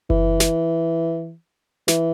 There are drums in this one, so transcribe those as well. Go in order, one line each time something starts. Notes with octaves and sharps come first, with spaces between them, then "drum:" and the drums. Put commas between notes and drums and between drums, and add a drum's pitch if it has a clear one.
E3, drum: kick F#1
drum: snare
E3, drum: snare